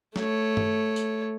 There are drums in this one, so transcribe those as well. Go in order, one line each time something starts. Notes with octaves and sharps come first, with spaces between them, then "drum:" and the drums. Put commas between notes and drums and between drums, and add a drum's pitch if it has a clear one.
A3 C#5, drum: snare
drum: tom G2
drum: tambourine